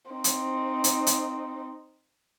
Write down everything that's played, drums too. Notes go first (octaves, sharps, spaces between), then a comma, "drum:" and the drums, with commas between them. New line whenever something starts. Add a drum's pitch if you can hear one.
C4 D#4
drum: hi-hat
drum: hi-hat
drum: hi-hat